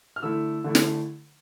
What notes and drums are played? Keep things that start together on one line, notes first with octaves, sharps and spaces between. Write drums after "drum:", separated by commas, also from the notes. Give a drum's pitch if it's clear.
F6
D3 A3 E4 E6
D3 A3 E4
drum: snare